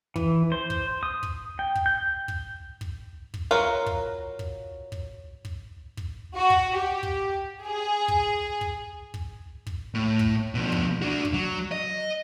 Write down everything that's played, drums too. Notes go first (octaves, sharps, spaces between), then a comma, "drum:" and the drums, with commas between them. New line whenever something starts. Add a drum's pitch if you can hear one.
E3, drum: kick
C5
drum: kick
D#6
drum: kick
G5
drum: kick
G6
drum: kick
drum: kick
drum: kick
F#3 F4 A#4 B4
drum: kick
drum: kick
drum: kick
drum: kick
drum: kick
F#4
drum: kick
G4
drum: kick
G#4
drum: kick
drum: kick
drum: kick
drum: kick
A2
drum: kick
B2 F3
drum: kick
D4 F#4
drum: kick
F#3
D#5